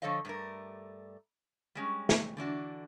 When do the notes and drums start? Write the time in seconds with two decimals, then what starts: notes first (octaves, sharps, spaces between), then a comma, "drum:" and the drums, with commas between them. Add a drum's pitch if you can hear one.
0.02 D3 F3 A4 C#5 D#5 F5
0.25 G2 G3 A3 A#4
1.75 G3 G#3 C#4
2.09 drum: snare
2.37 D3 E3 D4 F#4